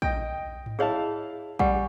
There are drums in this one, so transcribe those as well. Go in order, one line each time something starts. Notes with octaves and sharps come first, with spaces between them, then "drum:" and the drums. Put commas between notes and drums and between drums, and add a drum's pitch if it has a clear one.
D#5 G5, drum: kick
drum: tom G#2
E4 G#4 C#5 D#5 F5 A5
G3 G4 F#5 G#5, drum: kick